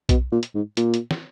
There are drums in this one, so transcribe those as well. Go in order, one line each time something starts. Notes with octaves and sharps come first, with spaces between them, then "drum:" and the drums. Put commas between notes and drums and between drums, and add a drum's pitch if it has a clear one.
B2, drum: kick B1, hi-hat
A#2
drum: hi-hat
G#2
A#2, drum: hi-hat
drum: hi-hat
drum: snare